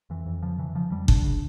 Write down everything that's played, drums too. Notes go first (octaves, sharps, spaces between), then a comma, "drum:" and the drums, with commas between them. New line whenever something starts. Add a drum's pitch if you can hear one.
F2 E3
F2
C#3 F3
C#3 E3
C#3 F3
F2 G3
C#3 D4, drum: kick G1
C#3